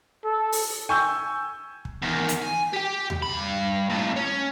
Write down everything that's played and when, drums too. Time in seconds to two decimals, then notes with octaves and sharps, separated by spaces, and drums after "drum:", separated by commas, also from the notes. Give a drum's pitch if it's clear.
0.24 A4
0.52 drum: open hi-hat
0.89 G#5 C#6 E6 G6
1.85 drum: kick
2.02 E2 D#3
2.29 drum: hi-hat
2.42 G#5
2.73 G4 G5
3.10 drum: tom D#2
3.23 G2 B5
3.90 D#2 A2
4.16 C#4